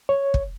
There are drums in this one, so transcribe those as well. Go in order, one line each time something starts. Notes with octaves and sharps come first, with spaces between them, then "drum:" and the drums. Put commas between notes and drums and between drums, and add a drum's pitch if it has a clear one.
C#5
drum: kick